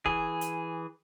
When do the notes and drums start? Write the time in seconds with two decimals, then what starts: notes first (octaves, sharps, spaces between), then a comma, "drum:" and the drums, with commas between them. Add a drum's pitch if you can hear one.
0.06 E3 G#4, drum: kick
0.41 drum: hi-hat